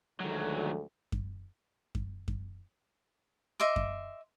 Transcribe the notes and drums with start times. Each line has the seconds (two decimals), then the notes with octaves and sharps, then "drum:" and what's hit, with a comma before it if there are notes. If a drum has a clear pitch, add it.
0.20 D2 D#3 F3 F#3 G#3 A4
1.12 drum: kick F#2
1.95 drum: kick F#2
2.28 drum: kick F#2
3.60 D#5 E5 C6 D6
3.76 drum: kick F#2